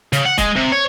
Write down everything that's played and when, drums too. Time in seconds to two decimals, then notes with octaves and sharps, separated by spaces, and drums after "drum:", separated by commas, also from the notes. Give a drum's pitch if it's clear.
0.13 C#3, drum: hi-hat
0.25 F#5
0.38 G#3, drum: kick, hi-hat
0.56 C3
0.72 C#5